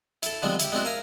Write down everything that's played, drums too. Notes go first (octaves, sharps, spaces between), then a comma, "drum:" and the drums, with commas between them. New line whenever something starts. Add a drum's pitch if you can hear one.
E4 A4, drum: hi-hat
D3 F3 G3 G#3 B3 C4
E4 G4, drum: hi-hat
G#3 B3 C4 D4 E4 F#4
A#4 E5 F5 G#5 A#5